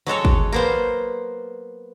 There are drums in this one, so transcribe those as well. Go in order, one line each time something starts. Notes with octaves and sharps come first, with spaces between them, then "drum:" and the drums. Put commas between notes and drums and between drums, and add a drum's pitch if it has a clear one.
F#3 G#3 A4 C#5
drum: kick
A#3 B3 C5